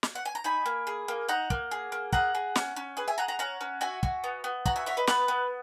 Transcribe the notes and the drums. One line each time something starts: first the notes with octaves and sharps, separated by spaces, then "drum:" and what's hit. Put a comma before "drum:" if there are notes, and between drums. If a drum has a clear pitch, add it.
drum: snare
F#5
G#5
A#5
D#4 G#5 B5
A#3
G#4
A#3
D#4 F#5 A#5
A#3, drum: kick
G#4
A#3
G#4 F#5 A#5, drum: kick
G#4
C#4, drum: snare
C#4
G#4 B4
E5 G#5
G#4 F#5 A#5
F#5 A#5
C#4 F#5 A#5
C#4
F#4 E5 G#5
F#4, drum: kick
B3
B3
F#4 F#5 A#5, drum: kick
E5 G#5
F#4 C#5 E5
B4 D#5
B3 B4, drum: snare
B3